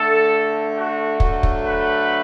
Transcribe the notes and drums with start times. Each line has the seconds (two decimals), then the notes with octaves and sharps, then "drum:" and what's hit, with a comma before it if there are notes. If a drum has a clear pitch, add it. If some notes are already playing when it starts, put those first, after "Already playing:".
Already playing: D3 A3 A4
0.76 F#4
1.20 D3 F#3 A3, drum: kick
1.43 drum: kick
1.64 B4